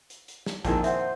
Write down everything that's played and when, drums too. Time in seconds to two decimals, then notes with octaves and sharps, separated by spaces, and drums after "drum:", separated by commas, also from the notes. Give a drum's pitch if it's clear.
0.10 drum: hi-hat
0.28 drum: hi-hat
0.46 drum: snare
0.65 F2 A#2 D#3 E4 G#4 A5, drum: kick, hi-hat
0.84 C5 E5 F#5, drum: hi-hat